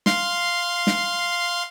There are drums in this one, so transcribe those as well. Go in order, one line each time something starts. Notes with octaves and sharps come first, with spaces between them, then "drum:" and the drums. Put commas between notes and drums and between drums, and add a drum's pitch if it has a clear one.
F5 C6, drum: snare
drum: snare